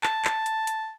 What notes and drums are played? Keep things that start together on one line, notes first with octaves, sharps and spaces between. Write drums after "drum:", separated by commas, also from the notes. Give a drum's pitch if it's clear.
A5, drum: clap
drum: clap
drum: hi-hat
drum: hi-hat